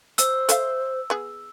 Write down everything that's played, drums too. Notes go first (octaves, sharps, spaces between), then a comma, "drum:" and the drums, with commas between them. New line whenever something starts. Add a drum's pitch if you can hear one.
C5 E6, drum: hi-hat
A4 E5 F5, drum: hi-hat
B3 G#4